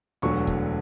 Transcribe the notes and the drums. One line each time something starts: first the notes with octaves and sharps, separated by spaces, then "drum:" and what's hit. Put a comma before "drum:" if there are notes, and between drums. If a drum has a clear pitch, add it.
E1 D2 D3 F#3 C#6, drum: hi-hat
drum: kick, hi-hat